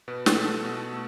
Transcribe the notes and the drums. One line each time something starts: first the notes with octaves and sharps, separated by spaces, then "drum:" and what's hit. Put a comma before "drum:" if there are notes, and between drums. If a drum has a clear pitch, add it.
B2 B4
A4, drum: snare
A3
A4
B2 F#4
A3